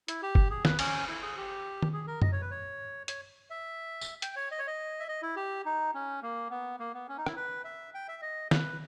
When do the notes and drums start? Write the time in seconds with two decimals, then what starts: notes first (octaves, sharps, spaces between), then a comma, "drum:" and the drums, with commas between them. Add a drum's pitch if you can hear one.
0.08 E4, drum: hi-hat
0.23 G4
0.35 drum: kick F#1
0.51 G#4
0.65 B4, drum: snare
0.79 C#4, drum: cymbal
1.08 E4
1.23 G#4
1.37 G4
1.82 drum: tom
1.93 G#4
2.07 A#4
2.22 D#5, drum: tom F#2
2.32 C#5
2.41 B4
2.51 C#5
3.08 C#5, drum: hi-hat
3.50 E5
4.01 drum: tambourine
4.22 G5, drum: hi-hat
4.36 C#5
4.51 D#5
4.59 C#5
4.67 D#5
5.00 E5
5.08 D#5
5.23 E4
5.36 G4
5.65 D#4
5.94 C#4
6.22 A#3
6.50 B3
6.79 A#3
6.94 B3
7.09 C#4
7.18 D#4
7.26 E4, drum: rim click
7.36 B4
7.65 E5
7.94 G5
8.08 E5
8.22 D#5
8.51 B4, drum: snare